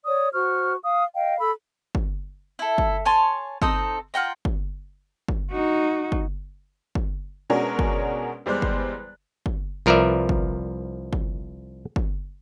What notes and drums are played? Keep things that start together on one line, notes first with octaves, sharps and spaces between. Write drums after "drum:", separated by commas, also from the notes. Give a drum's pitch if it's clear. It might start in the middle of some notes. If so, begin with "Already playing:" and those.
C#5 D5 D#6
F#4 C5 C#6 F6
F5 D#6
D#5 F5 G5
A4 B5 E6
drum: kick G1
E4 A4
drum: kick G1
C#5 G#5 A5 C6
C4 D#4 A4 D#6, drum: kick G1
F4 F#5 G5 A#5
drum: kick G1
drum: kick G1
D#4 F#4
drum: kick G1
drum: kick G1
B2 G#3 C#4 D4 F#4 A#4
drum: kick G1
E2 G3 G#3 C5 D5 F#6
drum: kick G1
drum: kick G1
C2 F3 A#4 B4 D5 E5
drum: kick G1
drum: kick G1
drum: kick G1